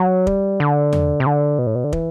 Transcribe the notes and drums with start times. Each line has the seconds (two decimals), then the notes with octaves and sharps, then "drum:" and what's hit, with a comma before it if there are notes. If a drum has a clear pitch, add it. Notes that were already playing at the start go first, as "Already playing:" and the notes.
Already playing: F#3
0.27 G3, drum: kick
0.60 D3
0.93 drum: tom E2
1.20 C3
1.26 D3
1.59 B2
1.67 A2
1.75 B2
1.84 D3
1.93 E3, drum: kick